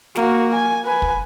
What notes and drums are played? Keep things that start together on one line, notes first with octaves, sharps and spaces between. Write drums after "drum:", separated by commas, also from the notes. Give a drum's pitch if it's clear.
A#3 F#4, drum: snare
G#5
B4 G#5
drum: kick